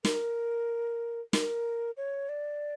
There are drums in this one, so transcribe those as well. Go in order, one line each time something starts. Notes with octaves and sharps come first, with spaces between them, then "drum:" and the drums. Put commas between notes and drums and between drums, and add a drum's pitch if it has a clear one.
A#4, drum: snare
A#4, drum: snare
C#5
D5